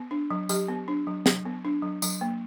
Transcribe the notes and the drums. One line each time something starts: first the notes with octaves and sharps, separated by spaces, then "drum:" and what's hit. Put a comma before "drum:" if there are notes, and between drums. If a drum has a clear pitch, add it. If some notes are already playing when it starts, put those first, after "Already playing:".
Already playing: B3
D4
F#3
F#3 G4, drum: tambourine
B3
D4
F#3
F#3, drum: snare
B3
D4
F#3
F#3, drum: tambourine
A#3